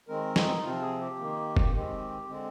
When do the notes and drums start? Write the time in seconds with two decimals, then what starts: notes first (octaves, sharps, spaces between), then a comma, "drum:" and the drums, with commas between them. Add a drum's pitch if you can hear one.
0.09 D#3 G#3 C4 A#4
0.36 D#4, drum: snare
0.64 C3 F3 C4 F4
0.82 G#4
1.01 G4
1.19 D#3 A#3
1.57 drum: kick
1.73 D#3 G#3 C4 G4
2.29 D3 G#3 C4